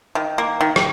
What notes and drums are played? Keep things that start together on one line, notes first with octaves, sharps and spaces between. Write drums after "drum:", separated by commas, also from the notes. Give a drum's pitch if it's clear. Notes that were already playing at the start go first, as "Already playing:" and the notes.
D#3
A#3
D#3
drum: rim click